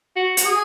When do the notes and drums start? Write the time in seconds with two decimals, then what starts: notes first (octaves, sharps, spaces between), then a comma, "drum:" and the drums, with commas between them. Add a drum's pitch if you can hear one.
0.16 F#4
0.37 F#4, drum: hi-hat
0.45 G#4